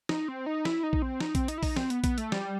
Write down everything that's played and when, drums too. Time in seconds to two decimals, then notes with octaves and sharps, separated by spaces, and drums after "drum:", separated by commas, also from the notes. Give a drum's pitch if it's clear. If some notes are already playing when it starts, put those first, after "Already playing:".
0.09 D#4, drum: snare
0.28 C4
0.46 D#4
0.65 E4, drum: snare
0.83 D#4
0.93 drum: kick A#1
1.02 C4
1.20 D#4, drum: snare
1.35 C4, drum: kick A#1, hi-hat
1.48 D#4, drum: hi-hat
1.58 E4
1.63 D#4, drum: kick A#1, open hi-hat
1.76 C4, drum: snare
1.90 B3, drum: hi-hat
2.04 B3, drum: kick A#1, hi-hat
2.18 A3, drum: hi-hat
2.32 G3, drum: snare